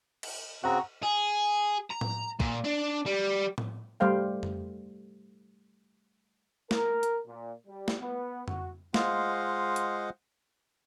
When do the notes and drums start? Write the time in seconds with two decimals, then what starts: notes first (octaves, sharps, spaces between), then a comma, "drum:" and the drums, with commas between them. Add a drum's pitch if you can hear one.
0.23 drum: cymbal
0.64 C#3 C4 F#4 F#5 A#5
1.03 G#4
1.90 A#5
2.01 drum: tom A2
2.40 A#2, drum: kick
2.65 D4
3.06 G3
3.58 drum: tom A2
4.00 G3 A3 C5 F5 G5
4.43 drum: tom F2
6.71 A#4, drum: snare
7.03 drum: hi-hat
7.27 A#2
7.67 G3
7.88 drum: snare
8.00 B3
8.48 F#4, drum: tom F2
8.94 G#3 F4 C5 D#5 F5 F#5, drum: snare
9.76 drum: hi-hat